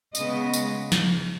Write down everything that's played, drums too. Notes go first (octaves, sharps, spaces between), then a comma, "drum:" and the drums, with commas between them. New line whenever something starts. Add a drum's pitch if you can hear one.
C#3 G#3 B3 D#5, drum: tambourine
drum: tambourine
drum: snare